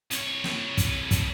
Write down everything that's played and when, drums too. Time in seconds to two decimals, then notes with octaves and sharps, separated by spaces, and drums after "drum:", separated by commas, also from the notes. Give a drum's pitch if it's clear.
0.11 C2 C#5, drum: hi-hat
0.44 drum: snare
0.77 drum: kick, hi-hat
1.11 drum: kick, hi-hat